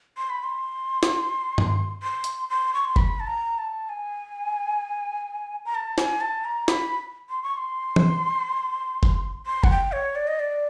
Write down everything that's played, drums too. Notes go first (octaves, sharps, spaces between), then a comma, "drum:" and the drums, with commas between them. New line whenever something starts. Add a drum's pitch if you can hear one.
C6
B5
C6
drum: snare
drum: tom G2
C6
drum: hi-hat
C6
C#6
C6
B5, drum: kick F#1
A5
A#5
A5
G#5
A#5
A5
G#5, drum: snare
A5
A#5
B5, drum: snare
C6
C#6
C6
drum: tom E3
drum: kick F#1
C6
F#5, drum: kick F#1
G5
C#5
D5
D#5
D5